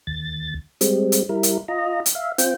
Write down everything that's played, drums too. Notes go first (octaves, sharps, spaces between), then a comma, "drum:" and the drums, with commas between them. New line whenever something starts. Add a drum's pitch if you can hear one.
D#2 A6
G3 G#3 C4, drum: hi-hat
drum: hi-hat
G3 E4 A#4
drum: hi-hat
F4 D#5 A#5
drum: hi-hat
E5 F5
C4 F4 G5, drum: hi-hat